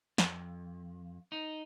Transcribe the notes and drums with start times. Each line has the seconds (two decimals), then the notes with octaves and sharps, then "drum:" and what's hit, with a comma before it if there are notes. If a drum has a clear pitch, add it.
0.18 F2, drum: snare
1.32 D#4